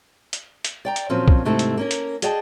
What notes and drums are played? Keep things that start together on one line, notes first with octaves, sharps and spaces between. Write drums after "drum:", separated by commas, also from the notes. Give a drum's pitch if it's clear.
drum: hi-hat
drum: hi-hat
D5 G5 A#5
drum: hi-hat
A#2 F3 F#3 C4 C#4
drum: kick B1
G#2 C3 A3 E4 A4
drum: hi-hat
A#3 C#4 A#4
drum: hi-hat
G#4 D5 D#5 F#5 G5 A5, drum: hi-hat